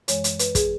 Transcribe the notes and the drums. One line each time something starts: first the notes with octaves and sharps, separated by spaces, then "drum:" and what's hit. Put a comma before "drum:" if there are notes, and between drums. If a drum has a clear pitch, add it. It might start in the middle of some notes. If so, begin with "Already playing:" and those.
F#2 E3 G#3 C#5, drum: hi-hat
drum: hi-hat
B4, drum: hi-hat
G#4, drum: kick, hi-hat